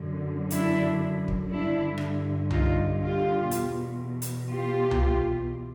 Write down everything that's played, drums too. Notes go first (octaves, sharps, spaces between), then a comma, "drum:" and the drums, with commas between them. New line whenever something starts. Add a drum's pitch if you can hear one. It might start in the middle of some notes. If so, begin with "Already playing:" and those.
Already playing: F#2 D3
D4 E4, drum: hi-hat
drum: kick
G2 D3 D4 E4
drum: rim click
D#4 F4, drum: tom C2
F4 G4
E2 B2, drum: hi-hat
drum: hi-hat
F4 G4
drum: tom C2